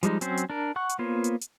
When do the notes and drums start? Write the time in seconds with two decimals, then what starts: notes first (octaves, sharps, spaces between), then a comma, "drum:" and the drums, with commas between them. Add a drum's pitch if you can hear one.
0.03 F3 G3 G#3 D#4, drum: hi-hat
0.21 F#3 C4 C#4 C5, drum: hi-hat
0.37 drum: hi-hat
0.50 D4 A#4
0.76 F#5 C#6 F#6
0.89 drum: hi-hat
0.99 A#3 B3 F4 C5 C#5
1.24 drum: hi-hat
1.41 drum: hi-hat